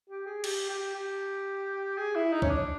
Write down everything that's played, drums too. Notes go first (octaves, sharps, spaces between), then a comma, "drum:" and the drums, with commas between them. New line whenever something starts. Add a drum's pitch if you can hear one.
G4
G#4
G4, drum: cymbal
G4
G4
G#4
E4
D#4
C#4, drum: kick
D4